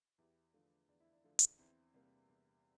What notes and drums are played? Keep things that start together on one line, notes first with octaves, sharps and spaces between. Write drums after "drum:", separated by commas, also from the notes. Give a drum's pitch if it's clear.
E2 E4 G4
D3 F3 A3
E2 D4
E4
D4
D3 F3 A3
drum: hi-hat
E2 C4 E4
C3 G3 A#3
E2